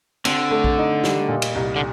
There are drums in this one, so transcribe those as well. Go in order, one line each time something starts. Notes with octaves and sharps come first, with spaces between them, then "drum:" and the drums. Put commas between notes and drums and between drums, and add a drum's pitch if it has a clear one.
D3 C4, drum: cymbal
A3
drum: kick A#1
D#4
G3, drum: snare
A#2
drum: cymbal
C2
D3